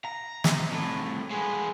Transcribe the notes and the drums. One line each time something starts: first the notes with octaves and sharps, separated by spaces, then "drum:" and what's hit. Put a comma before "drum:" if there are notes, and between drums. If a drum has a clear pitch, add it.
A#5
drum: snare
C2 A2
G#3 B3